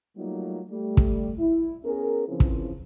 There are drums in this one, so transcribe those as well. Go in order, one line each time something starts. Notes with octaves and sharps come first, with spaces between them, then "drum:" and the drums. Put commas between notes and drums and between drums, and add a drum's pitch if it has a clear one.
F#3 G3 A3 A#3 D#4 F4
G3 A3
drum: kick
E4
B3 C#4 G#4 A#4
C#3 E3 F3 C4 C#4 E4
drum: kick